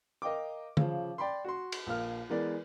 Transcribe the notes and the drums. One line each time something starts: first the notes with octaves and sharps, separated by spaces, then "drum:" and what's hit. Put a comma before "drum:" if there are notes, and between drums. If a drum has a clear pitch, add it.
A#4 D#5 F5 G5 D6
C#3 F3, drum: tom
D5 G5 B5 C6
F#4 C6
drum: cymbal
A#1 A#3 F6
E3 G#3 B3 A#4 B4 D5